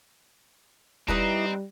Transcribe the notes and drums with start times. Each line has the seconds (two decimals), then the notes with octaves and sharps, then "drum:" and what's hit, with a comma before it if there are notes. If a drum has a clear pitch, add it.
1.08 G3 C4 D#4 E4 B4 D5 D#5 A#5, drum: kick